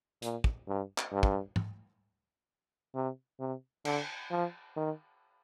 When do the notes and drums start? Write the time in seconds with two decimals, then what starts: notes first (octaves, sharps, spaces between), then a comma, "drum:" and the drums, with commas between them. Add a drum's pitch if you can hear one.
0.22 A#2, drum: hi-hat
0.44 drum: kick
0.68 G2
0.98 drum: clap
1.12 G2
1.23 drum: kick
1.56 drum: tom
2.95 C3
3.40 C3
3.85 D3, drum: cymbal
4.30 F3
4.76 D#3